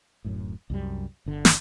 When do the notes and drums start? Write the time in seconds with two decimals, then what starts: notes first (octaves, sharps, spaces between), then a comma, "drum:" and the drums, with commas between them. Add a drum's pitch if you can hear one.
0.24 D1 F#2 A2
0.70 C2 F#2 G3
1.26 G1 D3
1.45 drum: snare